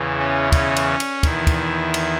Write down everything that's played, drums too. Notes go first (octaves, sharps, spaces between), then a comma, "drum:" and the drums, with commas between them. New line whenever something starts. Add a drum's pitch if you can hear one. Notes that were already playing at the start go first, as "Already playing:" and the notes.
Already playing: E2 C#3 E3
C#4
C#4, drum: kick, cymbal
drum: cymbal
drum: cymbal
E2 D#3 E4, drum: kick, cymbal
drum: kick, cymbal
drum: cymbal